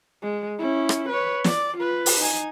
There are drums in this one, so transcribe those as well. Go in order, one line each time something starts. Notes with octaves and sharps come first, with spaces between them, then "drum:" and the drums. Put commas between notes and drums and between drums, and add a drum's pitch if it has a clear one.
G#3
C#4 E4
drum: rim click
B4 C#5
D5, drum: snare
F4 B4
drum: open hi-hat
D#4 G#5